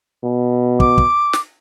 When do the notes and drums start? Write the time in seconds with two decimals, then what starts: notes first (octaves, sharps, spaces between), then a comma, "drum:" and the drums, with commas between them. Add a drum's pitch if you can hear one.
0.23 B2
0.80 D6, drum: kick
0.98 drum: kick
1.33 drum: snare